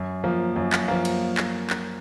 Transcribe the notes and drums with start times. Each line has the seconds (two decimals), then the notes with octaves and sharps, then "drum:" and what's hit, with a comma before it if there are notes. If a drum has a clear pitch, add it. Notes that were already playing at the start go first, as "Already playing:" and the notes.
Already playing: F#2
0.24 F3 A#3
0.56 F#2
0.73 drum: clap
0.88 F3 A#3
1.05 drum: cymbal
1.37 drum: clap
1.70 drum: clap